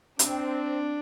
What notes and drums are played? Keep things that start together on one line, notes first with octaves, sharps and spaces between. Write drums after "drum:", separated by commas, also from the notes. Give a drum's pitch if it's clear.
C4 D4, drum: hi-hat